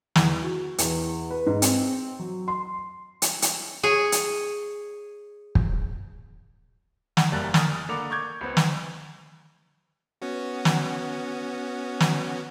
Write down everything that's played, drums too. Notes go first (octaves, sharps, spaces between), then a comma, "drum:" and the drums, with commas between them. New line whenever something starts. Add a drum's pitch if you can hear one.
E2, drum: snare
F#4
E2, drum: hi-hat
B4
G#2
C4, drum: hi-hat
F#3
C6
drum: hi-hat
drum: hi-hat
G#4 C#5 G#5
drum: hi-hat
drum: kick
F#5, drum: snare
F#1 G3 A#3 A5 F#6 A6
G#5 A#5 D#6 F6 A6, drum: snare
D3 A#3 B5 D6 C#7 F7
C#6 D6 G6 G#6
C#2 B3 C4
drum: snare
B3 C#4 F#4
drum: snare
drum: snare